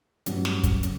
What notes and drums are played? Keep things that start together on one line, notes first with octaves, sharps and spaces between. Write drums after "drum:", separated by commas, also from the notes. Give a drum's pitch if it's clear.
A1 G2 F#3, drum: hi-hat
drum: snare
drum: kick, hi-hat
C#3, drum: hi-hat